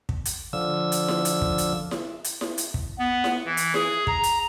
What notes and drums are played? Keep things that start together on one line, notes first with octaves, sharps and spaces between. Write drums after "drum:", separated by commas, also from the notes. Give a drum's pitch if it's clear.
drum: kick
drum: hi-hat
D3 F3 E6
drum: hi-hat
drum: snare E4
drum: hi-hat
drum: kick
drum: hi-hat
drum: snare E4
drum: hi-hat
drum: snare E4
drum: hi-hat
drum: kick
B3
drum: snare E4
E3
drum: hi-hat
G#4, drum: snare E4
A#5, drum: kick
drum: hi-hat